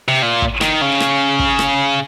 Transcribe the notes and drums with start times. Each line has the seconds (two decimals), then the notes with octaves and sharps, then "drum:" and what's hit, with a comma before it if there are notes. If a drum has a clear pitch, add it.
0.08 C3
0.22 A#2
0.42 drum: kick
0.61 D#3, drum: rim click
0.81 C#3
1.00 drum: rim click
1.39 drum: kick
1.59 drum: rim click